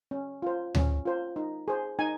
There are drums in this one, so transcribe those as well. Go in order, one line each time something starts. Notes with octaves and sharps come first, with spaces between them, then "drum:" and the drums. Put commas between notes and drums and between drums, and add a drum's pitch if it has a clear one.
C#4
F4 C5
C#4, drum: tom D2
F4 C5
D#4
G#4 C5
D#4 G#5